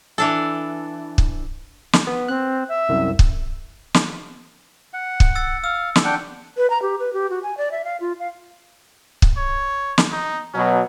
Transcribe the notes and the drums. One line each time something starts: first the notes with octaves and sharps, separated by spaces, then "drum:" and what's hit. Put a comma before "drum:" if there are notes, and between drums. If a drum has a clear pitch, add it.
E3 D4 A4
drum: kick
drum: snare
B3
C4 F#6
E5
C2 F#2
drum: kick
drum: snare
F#5
drum: kick
E6 A6 C#7
F5 E6
drum: snare
D4 F#5 G5
B4
A#5
G4
B4
G4
F#4
G#5
D5
E5
F5
F4
F5
drum: kick
C#5
drum: snare
D#4
B2 F#3 C#4